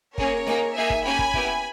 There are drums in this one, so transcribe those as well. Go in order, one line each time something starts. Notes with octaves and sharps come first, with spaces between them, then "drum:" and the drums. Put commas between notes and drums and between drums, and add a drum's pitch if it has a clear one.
A#3 C#4 G#4 A#4 C#5, drum: kick
A#3 D#4 G#4, drum: snare
A#3 D#4 G#4 E5 G#5
drum: kick
A#3 C#4 G4 G#5 B5
drum: kick
B3 E4 G4, drum: kick